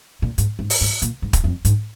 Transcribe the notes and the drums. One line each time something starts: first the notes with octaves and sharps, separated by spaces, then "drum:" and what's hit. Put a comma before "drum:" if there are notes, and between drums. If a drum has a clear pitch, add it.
A#2
G#2, drum: hi-hat
G#2
drum: open hi-hat
G#2
A#2, drum: hi-hat
G#2
drum: kick, hi-hat
F2
G#2, drum: hi-hat